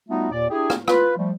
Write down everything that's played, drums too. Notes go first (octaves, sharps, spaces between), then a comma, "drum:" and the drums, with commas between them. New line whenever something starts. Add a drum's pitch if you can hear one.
G3 A3 B3 D#4 F4 F#4
D#2 A#2 D5
D4 E4 G4 G#4
drum: rim click
F4 B4, drum: rim click
F3 G3 A3